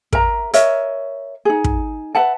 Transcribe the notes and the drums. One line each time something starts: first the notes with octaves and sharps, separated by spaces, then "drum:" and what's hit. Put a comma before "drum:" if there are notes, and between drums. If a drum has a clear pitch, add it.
A#4 E5 A#5, drum: kick
A#4 C#5 D#5 E5, drum: hi-hat
D#4 G#4
drum: kick
B4 E5 F#5 A5